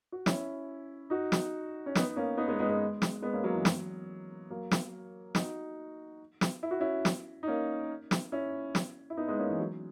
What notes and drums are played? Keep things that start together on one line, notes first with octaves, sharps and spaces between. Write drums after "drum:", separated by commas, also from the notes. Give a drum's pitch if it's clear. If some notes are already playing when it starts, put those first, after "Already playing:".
F#4
C#4 E4, drum: snare
D#4 F#4
drum: snare
C#4
B3 D#4, drum: snare
A#3 C#4
B3 D#4
G#3 B3
G#3 B3
G#3 B3
drum: snare
G#3 B3
A#3 C#4
F#3 A#3
E3 G#3
F#3, drum: snare
F#3 A#3
drum: snare
D#4 F#4, drum: snare
drum: snare
E4
F#4
C#4 E4
drum: snare
D#4
A#3 C#4
drum: snare
C#4 E4
drum: snare
E4
B3 D#4
G#3 B3
A#3 C#4
E3
F#3